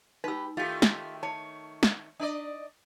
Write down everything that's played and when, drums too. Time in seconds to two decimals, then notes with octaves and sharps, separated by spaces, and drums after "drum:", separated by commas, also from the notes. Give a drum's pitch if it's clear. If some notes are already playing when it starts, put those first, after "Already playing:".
0.24 D#4 G4 B4 E6
0.57 D#3 A3 F4 G4
0.82 drum: snare
1.23 C#5 A5
1.83 drum: snare
2.20 D4 D5 D#5